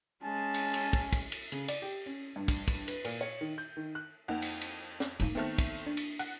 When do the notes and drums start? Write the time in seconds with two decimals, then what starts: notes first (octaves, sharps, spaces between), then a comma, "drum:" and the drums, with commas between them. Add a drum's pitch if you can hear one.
0.23 G#3 C#4 G#5 A5
0.54 drum: cymbal
0.74 drum: cymbal
0.93 drum: kick, cymbal
1.13 drum: kick, cymbal
1.32 drum: cymbal
1.52 C#3, drum: cymbal
1.68 D5, drum: cymbal
1.82 G4
2.06 C#4
2.36 G2
2.48 drum: kick, cymbal
2.68 drum: kick, cymbal
2.88 B4, drum: cymbal
3.05 A#2, drum: cymbal
3.21 C#5
3.41 D#3
3.58 G6
3.77 D#3
3.95 F#6
4.28 F2 A#3 D#4 F#5
4.42 drum: cymbal
4.62 drum: cymbal
5.00 drum: snare
5.20 A#3 D#4, drum: cymbal
5.35 D#3 A3 B3 C4 A5
5.58 drum: kick, cymbal
5.87 D4
5.97 drum: cymbal
6.19 F#5, drum: cymbal